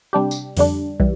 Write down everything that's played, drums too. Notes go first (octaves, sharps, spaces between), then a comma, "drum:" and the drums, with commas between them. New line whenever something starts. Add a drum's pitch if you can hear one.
C3 G3 D4 G4
drum: tambourine
F2 D3 G3 D4, drum: open hi-hat
E3 G3, drum: kick